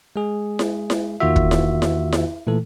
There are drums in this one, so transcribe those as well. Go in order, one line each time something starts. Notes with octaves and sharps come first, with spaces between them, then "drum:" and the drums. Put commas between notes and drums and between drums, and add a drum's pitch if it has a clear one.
G#3 G#4
drum: snare E4
drum: snare E4
E2 D#3 A#3 F4 F#4 E5
drum: kick
drum: snare E4
drum: snare E4
drum: snare E4
A#2 E3 A3 A4